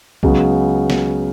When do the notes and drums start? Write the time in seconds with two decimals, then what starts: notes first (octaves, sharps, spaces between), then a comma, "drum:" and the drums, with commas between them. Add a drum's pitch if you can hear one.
0.23 C#2 C#3 F#3 B3, drum: kick C2
0.90 drum: snare